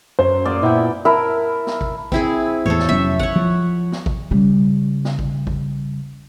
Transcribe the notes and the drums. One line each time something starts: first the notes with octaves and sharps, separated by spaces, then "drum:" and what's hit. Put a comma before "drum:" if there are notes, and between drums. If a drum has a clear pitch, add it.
F#2 C5
A#2 G#4 D5
A#2 B3 E4 G5
E4 A#4 E5 A5
drum: snare
drum: kick G#1
C4 E4 G#4, drum: kick G#1
E2 A2 A4 C5 C#5
drum: snare
F1 F#3 C#4 E5
C#5 F#5, drum: kick G#1
F3
drum: snare
drum: kick G#1
C#3 G3
drum: snare
drum: kick G#1
drum: kick G#1